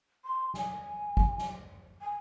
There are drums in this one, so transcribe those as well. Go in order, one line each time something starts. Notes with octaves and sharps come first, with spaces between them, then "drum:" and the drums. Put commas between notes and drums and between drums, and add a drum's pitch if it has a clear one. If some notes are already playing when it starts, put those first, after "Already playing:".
C6
G#5, drum: snare
drum: kick
drum: snare
G#5